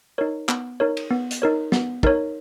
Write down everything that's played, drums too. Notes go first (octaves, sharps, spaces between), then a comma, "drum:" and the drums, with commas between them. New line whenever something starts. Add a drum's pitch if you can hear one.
D#4 A#4 C#5
B3, drum: clap
D#4 A#4 C#5
drum: cymbal
B3
drum: hi-hat
D#4 A#4 C#5
B3, drum: snare
D#4 A#4 C#5, drum: kick